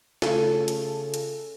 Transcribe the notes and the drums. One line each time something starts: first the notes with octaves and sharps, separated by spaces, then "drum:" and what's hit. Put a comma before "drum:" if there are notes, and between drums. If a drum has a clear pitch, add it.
C#3 A3 F4 G#4 A4, drum: snare
drum: hi-hat
drum: hi-hat